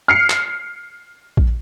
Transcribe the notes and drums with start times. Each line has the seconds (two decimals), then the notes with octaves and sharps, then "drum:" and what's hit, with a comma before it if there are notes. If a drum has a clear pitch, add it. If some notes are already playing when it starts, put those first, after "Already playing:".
0.08 F6 C7 C#7
0.30 drum: clap
1.37 drum: kick A#1